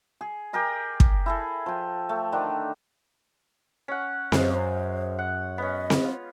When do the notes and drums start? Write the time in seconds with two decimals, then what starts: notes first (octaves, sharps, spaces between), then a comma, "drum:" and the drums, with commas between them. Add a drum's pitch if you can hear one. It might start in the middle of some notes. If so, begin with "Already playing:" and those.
0.21 G#4
0.53 G4 G#4 A#4 D#5
1.00 drum: kick
1.26 E4 G#4 A4
1.66 F3 G5
2.09 A3
2.32 D3 D#3 D4
3.88 C#4 F#5
4.32 F#2 G#3 C5 F5, drum: snare C4
5.19 F#5
5.58 B3 C#4 D#5
5.90 drum: snare C4
6.04 F4